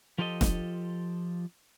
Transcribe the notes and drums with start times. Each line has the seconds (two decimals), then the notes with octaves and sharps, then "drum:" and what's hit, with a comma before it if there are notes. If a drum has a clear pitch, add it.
0.18 F3 F4 G4 A4 D5 D#5
0.41 drum: snare E1